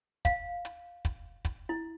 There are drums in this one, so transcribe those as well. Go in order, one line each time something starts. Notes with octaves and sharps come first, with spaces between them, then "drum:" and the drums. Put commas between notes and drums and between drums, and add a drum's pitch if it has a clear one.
F5, drum: kick, hi-hat
drum: hi-hat
drum: kick, hi-hat
drum: kick, hi-hat
E4